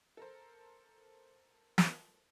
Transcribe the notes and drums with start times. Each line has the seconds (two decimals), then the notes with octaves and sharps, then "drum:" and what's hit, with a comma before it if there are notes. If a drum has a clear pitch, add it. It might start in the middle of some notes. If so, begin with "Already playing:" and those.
0.17 A4 A#4 C5
1.78 drum: snare